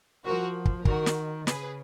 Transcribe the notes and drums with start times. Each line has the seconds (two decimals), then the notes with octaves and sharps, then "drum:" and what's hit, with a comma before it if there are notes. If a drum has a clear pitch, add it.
0.24 F3 F#4 A#4
0.65 drum: kick
0.85 D#3 F#4 A#4, drum: kick
1.06 drum: snare
1.47 C#3 G#4 B4, drum: snare